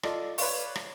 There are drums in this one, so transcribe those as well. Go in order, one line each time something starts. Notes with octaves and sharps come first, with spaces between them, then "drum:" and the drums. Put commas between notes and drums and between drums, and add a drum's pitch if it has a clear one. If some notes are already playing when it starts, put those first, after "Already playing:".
F4 A4 D5 D#5 A5, drum: rim click
B4 C#5 D5 F5 C6 C#6, drum: open hi-hat
drum: rim click